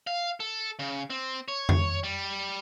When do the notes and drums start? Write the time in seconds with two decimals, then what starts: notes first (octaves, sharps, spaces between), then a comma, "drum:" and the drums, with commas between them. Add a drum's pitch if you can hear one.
0.07 F5
0.40 A4
0.79 C#3
1.10 C4
1.48 C#5
1.69 drum: tom F2
2.03 G3